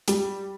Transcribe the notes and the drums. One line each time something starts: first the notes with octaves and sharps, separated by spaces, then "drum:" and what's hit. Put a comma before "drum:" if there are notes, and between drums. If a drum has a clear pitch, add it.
G3, drum: hi-hat